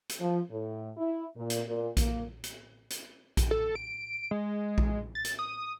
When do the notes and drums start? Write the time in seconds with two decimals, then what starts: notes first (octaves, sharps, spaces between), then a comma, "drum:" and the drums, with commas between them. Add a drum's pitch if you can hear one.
0.09 drum: hi-hat
0.20 F3
0.51 A2
0.97 E4
1.36 A#2
1.50 drum: hi-hat
1.67 A#2
1.97 A#3, drum: kick A#1, hi-hat
2.44 drum: hi-hat
2.90 drum: hi-hat
3.37 drum: kick A#1, hi-hat
3.51 A4
3.75 D7
4.31 G#3
4.78 drum: kick A#1
5.15 A6
5.25 drum: hi-hat
5.39 D#6